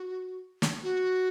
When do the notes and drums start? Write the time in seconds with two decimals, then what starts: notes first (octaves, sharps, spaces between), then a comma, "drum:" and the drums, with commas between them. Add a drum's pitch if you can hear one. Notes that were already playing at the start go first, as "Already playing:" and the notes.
Already playing: F#4
0.62 drum: snare
0.83 F#4